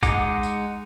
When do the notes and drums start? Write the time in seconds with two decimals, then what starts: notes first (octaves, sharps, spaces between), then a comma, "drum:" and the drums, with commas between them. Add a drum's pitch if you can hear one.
0.03 G#3 D#4 F#5 D6, drum: kick, tambourine
0.43 drum: tambourine